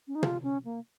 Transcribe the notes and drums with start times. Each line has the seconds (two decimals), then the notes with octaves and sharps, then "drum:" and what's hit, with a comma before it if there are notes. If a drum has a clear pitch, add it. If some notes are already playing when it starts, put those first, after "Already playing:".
0.07 C#4
0.15 D#4
0.23 F4, drum: tom
0.43 C#4
0.65 A#3